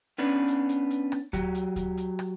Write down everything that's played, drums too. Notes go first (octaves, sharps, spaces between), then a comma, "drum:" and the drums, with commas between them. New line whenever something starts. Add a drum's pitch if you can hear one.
B3 C#4 D4 B4
drum: hi-hat
drum: hi-hat
drum: hi-hat
drum: rim click
F#3 G4, drum: kick D2, hi-hat
drum: hi-hat
drum: kick D2, hi-hat
drum: hi-hat
drum: rim click